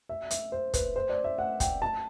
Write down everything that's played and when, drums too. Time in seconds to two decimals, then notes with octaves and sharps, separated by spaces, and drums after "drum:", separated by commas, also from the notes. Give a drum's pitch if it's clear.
0.09 E5
0.31 E5, drum: hi-hat
0.52 C5
0.74 B4, drum: kick, hi-hat
0.96 C5
1.09 D5
1.24 E5
1.39 F#5
1.60 G5, drum: kick, hi-hat
1.82 A5